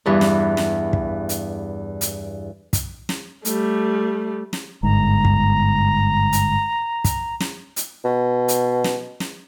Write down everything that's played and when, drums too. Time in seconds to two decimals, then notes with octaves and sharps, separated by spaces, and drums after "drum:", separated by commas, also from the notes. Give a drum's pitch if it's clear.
0.06 E2 G2 E3
0.21 drum: snare
0.57 drum: snare
0.93 drum: kick
1.29 drum: hi-hat
2.01 drum: hi-hat
2.73 drum: kick, hi-hat
3.09 drum: snare
3.45 G3 A3, drum: hi-hat
4.53 drum: snare
4.83 G1 G#2 A#5
5.25 drum: kick
6.33 drum: hi-hat
7.04 drum: kick, hi-hat
7.40 drum: snare
7.76 drum: hi-hat
8.05 B2
8.48 drum: hi-hat
8.84 drum: snare
9.20 drum: snare